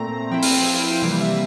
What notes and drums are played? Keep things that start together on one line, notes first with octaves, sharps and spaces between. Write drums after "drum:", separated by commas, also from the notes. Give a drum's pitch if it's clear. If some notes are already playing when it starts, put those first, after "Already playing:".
Already playing: A#2 A3 C4 A#5
F3 C4 E4 G5
F5, drum: open hi-hat
G5
C3 E3 G3 A#3 F5
E5